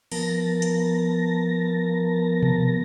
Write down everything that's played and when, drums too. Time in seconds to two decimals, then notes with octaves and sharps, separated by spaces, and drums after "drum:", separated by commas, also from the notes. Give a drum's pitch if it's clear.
0.12 F3 B3 A#4 A5 A#6, drum: open hi-hat
0.62 drum: hi-hat
2.43 drum: tom B2